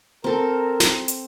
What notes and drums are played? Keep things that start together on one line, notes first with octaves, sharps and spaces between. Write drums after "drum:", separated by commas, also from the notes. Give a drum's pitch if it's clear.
C4 A4 A#4
drum: snare
drum: hi-hat